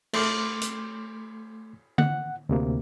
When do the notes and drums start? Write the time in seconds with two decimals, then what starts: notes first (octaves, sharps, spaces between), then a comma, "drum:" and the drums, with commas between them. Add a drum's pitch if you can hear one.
0.13 A3 C6 D6 F6, drum: cymbal
0.61 drum: hi-hat
1.98 F#5, drum: tom D3
2.49 D2 C3 A#3